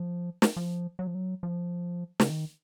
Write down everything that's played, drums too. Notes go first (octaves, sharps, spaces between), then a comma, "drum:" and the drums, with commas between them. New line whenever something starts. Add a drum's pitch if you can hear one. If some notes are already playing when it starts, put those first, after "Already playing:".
Already playing: F3
drum: snare
F3
F#3
F3
F#3
F3
C#3, drum: snare
D#3